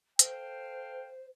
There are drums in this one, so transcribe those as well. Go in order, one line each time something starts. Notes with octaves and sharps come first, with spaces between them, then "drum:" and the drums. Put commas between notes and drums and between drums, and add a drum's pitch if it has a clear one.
A4 C5 F5 G5, drum: hi-hat